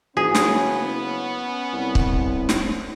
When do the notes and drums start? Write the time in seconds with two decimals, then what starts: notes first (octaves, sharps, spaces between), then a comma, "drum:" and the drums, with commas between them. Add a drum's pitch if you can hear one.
0.17 F#1 B3 C#4 G#4
0.35 drum: snare
1.73 C2
1.95 drum: kick
2.49 drum: snare